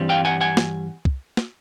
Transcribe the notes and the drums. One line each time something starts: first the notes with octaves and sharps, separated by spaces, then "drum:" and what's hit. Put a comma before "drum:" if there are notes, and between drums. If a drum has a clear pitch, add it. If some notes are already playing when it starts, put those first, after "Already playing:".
Already playing: G2 E3 G3 C4
F5 G5
F#5 G#5
F#5 G#5
drum: snare
drum: kick
drum: snare